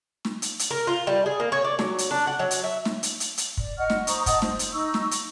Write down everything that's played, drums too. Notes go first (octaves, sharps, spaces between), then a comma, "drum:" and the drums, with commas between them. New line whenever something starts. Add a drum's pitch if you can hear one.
drum: snare
drum: hi-hat
drum: hi-hat
A#4
F4
G3
G#4
A#3
C#5
D5
F#3, drum: snare
drum: hi-hat
D4
F#5
F#3
drum: hi-hat
E5
drum: snare
drum: hi-hat
drum: hi-hat
drum: hi-hat
D5, drum: kick
D#5 F#5 C#6 F6
drum: snare
C5 A#5 C#6 D#6, drum: hi-hat
D#5 F#5 A5 D#6, drum: kick, hi-hat
C5, drum: snare
drum: hi-hat
D#4 C#6 E6
drum: snare
drum: hi-hat